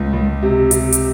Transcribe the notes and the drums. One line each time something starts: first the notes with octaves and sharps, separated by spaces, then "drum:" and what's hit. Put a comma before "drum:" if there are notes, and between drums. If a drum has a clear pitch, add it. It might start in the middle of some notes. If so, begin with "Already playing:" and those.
Already playing: C#2
C#2
C3
C3, drum: hi-hat
drum: hi-hat